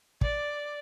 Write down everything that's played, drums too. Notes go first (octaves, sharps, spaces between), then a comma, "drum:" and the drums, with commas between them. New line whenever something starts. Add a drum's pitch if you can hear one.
D5, drum: kick